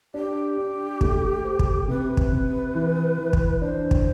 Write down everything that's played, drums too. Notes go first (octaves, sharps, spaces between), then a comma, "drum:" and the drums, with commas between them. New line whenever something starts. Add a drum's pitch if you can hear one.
D4 G4
D4
A3, drum: kick
C5
drum: kick
C3 B4
drum: kick
C3
E3
E3
drum: kick
D4 C5
drum: kick